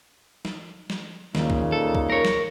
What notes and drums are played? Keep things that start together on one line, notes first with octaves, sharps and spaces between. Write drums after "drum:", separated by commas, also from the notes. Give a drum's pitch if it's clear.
drum: snare
drum: snare
D#2 A#2 C#3 D#4, drum: snare
drum: kick
A4
drum: kick
A#4 C#5
drum: snare